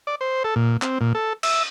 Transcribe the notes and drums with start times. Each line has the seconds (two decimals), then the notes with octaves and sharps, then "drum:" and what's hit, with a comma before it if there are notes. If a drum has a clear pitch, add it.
0.07 D5
0.21 C5
0.44 A4
0.56 A#2
0.82 C4, drum: clap
1.01 A#2
1.15 A4
1.43 E5, drum: cymbal